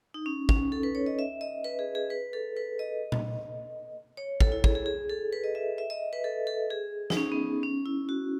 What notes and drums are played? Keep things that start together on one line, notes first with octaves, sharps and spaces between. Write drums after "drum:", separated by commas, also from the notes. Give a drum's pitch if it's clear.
D#4
C#4
C#4, drum: kick
A4
B4
C#5
D#5
E5
D#5
B4
G#4
G#4
B4
A4
B4
D#5
drum: tom A#2
C#5
A4, drum: kick
E4
G#4, drum: kick
G#4
G#4
A4
B4
D#5
E5
E5
D#5
B4
A4
A4
G#4
D#4, drum: snare
C#4
B3
C#4
E4
F#4